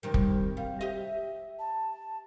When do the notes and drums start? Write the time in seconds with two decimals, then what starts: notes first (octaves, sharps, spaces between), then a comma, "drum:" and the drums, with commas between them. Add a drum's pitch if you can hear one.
0.03 C3 D#3 G3 A#4
0.14 drum: kick
0.57 G3 F5
0.81 G4 D#5 E5
1.59 A5